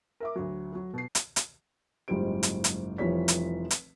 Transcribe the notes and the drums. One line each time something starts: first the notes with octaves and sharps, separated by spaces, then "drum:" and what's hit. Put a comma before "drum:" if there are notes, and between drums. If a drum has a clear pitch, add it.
A#4 E5 D6
D2 F#3
F#3 F#4
B2 C7
drum: hi-hat
drum: hi-hat
F#1 G#2 G3 F4 C5 D7
drum: hi-hat
drum: hi-hat
F1 E3 F3 G3 C#5 B6
drum: hi-hat
drum: hi-hat